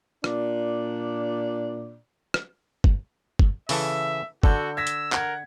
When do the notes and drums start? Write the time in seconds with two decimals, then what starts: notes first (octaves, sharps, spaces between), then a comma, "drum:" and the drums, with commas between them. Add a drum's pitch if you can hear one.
0.24 A#2 D4 D5, drum: rim click
2.34 drum: rim click
2.84 drum: kick G1
3.39 drum: kick G1
3.69 C#3 E3 A4 E5, drum: open hi-hat
4.43 D3 F#4 A4 G6, drum: kick G1
4.77 E6 G#6 A#6 B6
4.87 drum: hi-hat
5.12 A#4 F#5 G#6, drum: clap